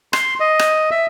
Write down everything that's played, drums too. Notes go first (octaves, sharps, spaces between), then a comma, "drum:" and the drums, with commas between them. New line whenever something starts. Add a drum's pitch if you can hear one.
C6, drum: rim click
D#5
drum: rim click
E5